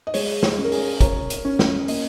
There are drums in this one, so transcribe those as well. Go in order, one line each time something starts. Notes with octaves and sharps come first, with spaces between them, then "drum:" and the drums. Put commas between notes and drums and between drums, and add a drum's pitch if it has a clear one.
D#5
G#3 C#5, drum: open hi-hat
C#5, drum: snare
C#4
A#4
G#4, drum: open hi-hat
A#4 C#5, drum: kick, hi-hat
drum: hi-hat
C#4
drum: snare
A#3 D#5, drum: open hi-hat